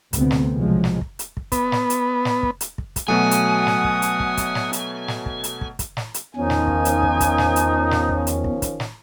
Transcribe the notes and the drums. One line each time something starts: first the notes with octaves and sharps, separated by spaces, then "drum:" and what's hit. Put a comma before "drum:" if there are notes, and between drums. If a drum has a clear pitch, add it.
D2 C3 B3 C4, drum: kick, hi-hat
drum: snare
B1 C3 F3 F#3 G#3
drum: snare
drum: kick
drum: hi-hat
drum: kick
B3, drum: kick, hi-hat
drum: snare
drum: hi-hat
drum: snare
drum: kick
drum: hi-hat
drum: kick
drum: kick, hi-hat
B2 F#3 A3 F#5 G#5 D#6
drum: hi-hat
drum: snare
drum: kick
drum: hi-hat
drum: kick
drum: kick, hi-hat
drum: snare
drum: hi-hat
drum: snare
drum: kick
drum: hi-hat
drum: kick
drum: kick, hi-hat
drum: snare
drum: hi-hat
E2 D#3 F3 C#4 D#4 G#5
drum: snare
drum: kick
drum: hi-hat
drum: kick
drum: kick, hi-hat
drum: snare
drum: hi-hat
drum: snare
drum: kick
drum: hi-hat
drum: kick
drum: kick, hi-hat
drum: snare